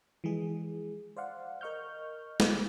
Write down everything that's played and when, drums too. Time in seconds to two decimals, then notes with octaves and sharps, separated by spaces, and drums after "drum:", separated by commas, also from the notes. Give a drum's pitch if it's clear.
0.24 E3 F3 G#3 G#4
1.17 C5 D5 F5 F#5
1.61 A#4 D#5 C#6 F6 G6
2.40 drum: snare